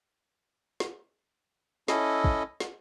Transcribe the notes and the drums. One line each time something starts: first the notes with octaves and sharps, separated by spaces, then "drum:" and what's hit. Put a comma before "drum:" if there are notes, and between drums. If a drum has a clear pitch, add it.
drum: snare
C#4 E4 A4 D#5, drum: snare
drum: kick
drum: snare